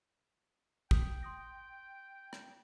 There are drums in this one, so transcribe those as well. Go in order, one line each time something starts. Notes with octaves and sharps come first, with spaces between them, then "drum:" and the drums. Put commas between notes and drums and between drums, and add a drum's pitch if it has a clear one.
G5 D#6 G6, drum: kick
C6 D#6 A#6
drum: rim click